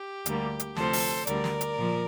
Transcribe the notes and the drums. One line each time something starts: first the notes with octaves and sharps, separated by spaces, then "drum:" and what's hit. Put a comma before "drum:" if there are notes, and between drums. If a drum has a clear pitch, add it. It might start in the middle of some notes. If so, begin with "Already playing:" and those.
Already playing: G4
D2 D3 G3 A#3, drum: hi-hat
drum: hi-hat
D2 C3 F3 A4 C5, drum: snare
drum: open hi-hat
D2 D3 G3 A#4 D5, drum: hi-hat
drum: snare
drum: hi-hat
A#2 F3